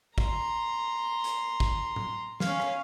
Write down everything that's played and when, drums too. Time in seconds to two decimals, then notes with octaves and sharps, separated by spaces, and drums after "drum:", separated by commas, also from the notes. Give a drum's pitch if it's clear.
0.18 A#5 C6, drum: kick
1.24 drum: hi-hat
1.60 drum: kick
1.96 drum: tom A2
2.40 C#4 F5, drum: snare
2.60 drum: rim click